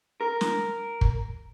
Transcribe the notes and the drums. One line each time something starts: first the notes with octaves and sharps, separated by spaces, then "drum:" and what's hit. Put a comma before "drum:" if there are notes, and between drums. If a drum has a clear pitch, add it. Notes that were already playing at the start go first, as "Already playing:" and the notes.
A#4
drum: snare
drum: kick